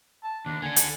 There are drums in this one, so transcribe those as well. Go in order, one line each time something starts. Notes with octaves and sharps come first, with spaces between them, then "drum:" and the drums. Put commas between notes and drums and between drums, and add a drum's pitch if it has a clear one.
A5
D#2 D4
D3 D4 G#5
drum: hi-hat